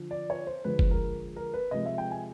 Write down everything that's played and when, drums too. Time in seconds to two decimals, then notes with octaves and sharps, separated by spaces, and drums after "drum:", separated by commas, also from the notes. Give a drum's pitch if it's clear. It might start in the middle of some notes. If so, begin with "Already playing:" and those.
Already playing: D3 F3
0.11 D5
0.30 C#5
0.47 C5
0.64 D3 F3 G#3 B4
0.79 drum: kick F#1
0.91 A#4
1.36 A#4
1.54 B4
1.71 C3 F3 G#3 D#5
1.86 E5
1.98 G5
2.11 G#5